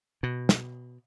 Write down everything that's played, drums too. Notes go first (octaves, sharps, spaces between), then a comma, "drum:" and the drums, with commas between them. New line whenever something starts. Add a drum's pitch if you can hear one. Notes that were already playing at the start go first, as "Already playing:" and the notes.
B2
drum: snare